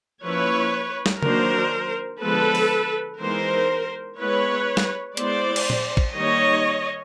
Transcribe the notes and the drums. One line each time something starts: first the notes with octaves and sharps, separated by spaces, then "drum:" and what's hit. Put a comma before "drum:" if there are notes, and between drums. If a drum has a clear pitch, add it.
F3 A#3 C#4 E4 B4 C#5
drum: snare
D#3 F#3 A#3 D4 A#4 C5, drum: tom C#3
D3 F3 G#3 B3 A4 B4
drum: open hi-hat
E3 G#3 B3 D#4 A#4 C5
G#3 B3 E4 B4 C#5
drum: snare
G#3 B3 E4 C5 D5, drum: hi-hat
drum: cymbal
drum: tom A#2
drum: kick
D#3 G3 A#3 D#4 C#5 D#5